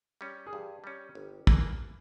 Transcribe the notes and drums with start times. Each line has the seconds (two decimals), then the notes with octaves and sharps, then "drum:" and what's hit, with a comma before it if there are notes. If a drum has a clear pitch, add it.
0.21 G3 C#4
0.47 G#4
0.52 G2 G4
0.84 G3 C#4
1.15 G1
1.47 E3 A#3, drum: kick